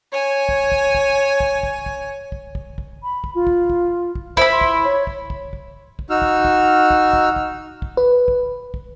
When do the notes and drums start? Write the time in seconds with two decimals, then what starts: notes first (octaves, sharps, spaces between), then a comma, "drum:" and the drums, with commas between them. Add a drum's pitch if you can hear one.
0.12 C#5 G#5
0.49 drum: kick
0.72 drum: kick
0.95 drum: kick
1.40 drum: kick
1.63 drum: kick
1.86 drum: kick
2.32 drum: kick
2.55 drum: kick
2.78 drum: kick
3.03 B5
3.24 drum: kick
3.35 F4
3.47 drum: kick
3.70 drum: kick
4.15 drum: kick
4.37 E4 C5 B5, drum: kick
4.52 C6
4.61 drum: kick
4.84 C#5
5.07 drum: kick
5.30 drum: kick
5.53 drum: kick
5.99 drum: kick
6.10 D#4 F#4 E6 F6
6.22 drum: kick
6.45 drum: kick
6.90 drum: kick
7.13 drum: kick
7.36 drum: kick
7.82 drum: kick
7.97 B4
8.28 drum: kick
8.74 drum: kick